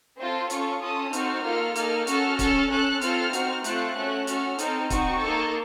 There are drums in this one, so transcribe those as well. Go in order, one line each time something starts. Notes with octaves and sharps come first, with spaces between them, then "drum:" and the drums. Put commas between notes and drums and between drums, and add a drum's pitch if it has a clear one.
C4 F4 A4 C6
C#4 F4 A4 C#6, drum: hi-hat
C#4 F4 A4 D#6
C4 D#4 F#4 A4 F6, drum: hi-hat
A#3 F4 A4 F6
A#3 D#4 A4 F6, drum: hi-hat
C#4 F#4 A4 F6, drum: hi-hat
C#4 A4, drum: kick, hi-hat
C#4 A4 F#6
C4 F4 A4 F6, drum: hi-hat
C4 D#4 F#4, drum: hi-hat
A3 C4 F4 A4 F#6, drum: hi-hat
A3 C#4 F#4 A4
C#4 F#4 A4 F6, drum: hi-hat
C4 D#4 A4, drum: hi-hat
C4 D#4 F#4 C#6, drum: kick, hi-hat
A#3 D#4 A4